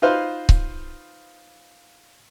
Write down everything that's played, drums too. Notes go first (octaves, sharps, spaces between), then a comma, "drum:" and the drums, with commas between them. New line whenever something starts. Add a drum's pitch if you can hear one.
D#4 F4 B4 C5 F5
drum: kick C#1